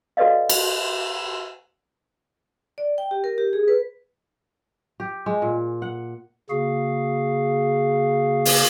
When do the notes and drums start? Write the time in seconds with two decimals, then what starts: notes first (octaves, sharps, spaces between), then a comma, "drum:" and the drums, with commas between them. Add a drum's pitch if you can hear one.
0.17 F#4 A4 B4 D5 D#5 F5
0.49 drum: cymbal
2.78 D5
2.98 G5
3.11 G4
3.24 A#4
3.38 G4
3.53 G#4
3.68 B4
5.00 G4
5.26 G#3
5.42 A#2
5.82 F#5
6.50 C#3 A#3 F#4 G#4 F5
8.45 drum: open hi-hat